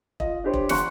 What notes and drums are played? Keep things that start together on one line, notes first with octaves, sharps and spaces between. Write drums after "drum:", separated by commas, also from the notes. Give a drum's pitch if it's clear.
F4 D#5, drum: kick E1
D4 G4 C5 C#5
drum: kick E1
F#5 A#5 C6 C#6 F#6 C#7, drum: snare